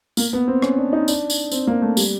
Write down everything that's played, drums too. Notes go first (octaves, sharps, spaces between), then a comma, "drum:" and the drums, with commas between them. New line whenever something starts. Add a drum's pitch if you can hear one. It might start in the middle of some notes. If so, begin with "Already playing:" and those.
A#3, drum: tambourine
B3
C4
C#4, drum: rim click
D4
D#4
D4, drum: tambourine
drum: tambourine
C4, drum: tambourine
A#3
A3
G3, drum: tambourine